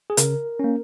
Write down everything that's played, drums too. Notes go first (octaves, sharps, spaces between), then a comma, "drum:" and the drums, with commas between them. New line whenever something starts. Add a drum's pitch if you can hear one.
G#4
C#3 A#4, drum: hi-hat
A#3 C#4